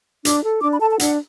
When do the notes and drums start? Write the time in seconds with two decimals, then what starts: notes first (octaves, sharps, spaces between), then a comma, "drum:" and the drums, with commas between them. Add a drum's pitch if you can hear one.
0.25 D4 D6, drum: hi-hat
0.44 A4
0.62 D4 D6
0.72 B5
0.81 A4 A5
0.91 A5
0.99 D4 F#5, drum: hi-hat